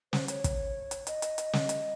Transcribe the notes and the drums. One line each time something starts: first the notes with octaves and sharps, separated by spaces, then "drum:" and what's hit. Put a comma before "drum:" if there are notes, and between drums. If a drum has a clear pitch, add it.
C5, drum: snare
C#5, drum: hi-hat
drum: kick, hi-hat
drum: hi-hat
D#5, drum: hi-hat
drum: hi-hat
drum: hi-hat
drum: snare
drum: hi-hat